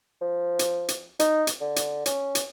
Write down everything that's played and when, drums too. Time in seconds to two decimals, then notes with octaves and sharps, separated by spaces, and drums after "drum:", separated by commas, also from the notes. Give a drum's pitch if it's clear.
0.21 F3
0.59 drum: hi-hat
0.88 drum: hi-hat
1.19 D#4, drum: hi-hat
1.47 drum: hi-hat
1.61 D3
1.76 drum: hi-hat
2.06 C#4, drum: hi-hat
2.35 drum: hi-hat